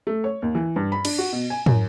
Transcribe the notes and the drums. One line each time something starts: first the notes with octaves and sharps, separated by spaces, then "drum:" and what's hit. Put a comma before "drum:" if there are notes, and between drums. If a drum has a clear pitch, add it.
A3
C#5
D#2
E3
G2
B5
D4, drum: cymbal
F#4
B2
G#5
F#2, drum: tom